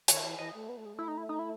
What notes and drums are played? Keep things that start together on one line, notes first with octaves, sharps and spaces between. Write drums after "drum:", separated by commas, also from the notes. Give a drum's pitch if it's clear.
D#3 C#5, drum: hi-hat
E3
E3 D#5
A3
B3
A3
G#3
A3 E4
D#4
E4
D#4
E4